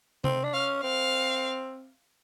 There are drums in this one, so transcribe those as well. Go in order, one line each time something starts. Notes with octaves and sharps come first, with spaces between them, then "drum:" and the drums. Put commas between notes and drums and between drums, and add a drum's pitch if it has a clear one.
C4, drum: tom C3
D4
C#4 F5
C4 F5